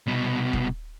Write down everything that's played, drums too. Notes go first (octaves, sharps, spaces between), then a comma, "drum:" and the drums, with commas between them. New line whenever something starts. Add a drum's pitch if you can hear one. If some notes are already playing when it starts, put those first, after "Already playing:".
C2 B2
drum: kick E1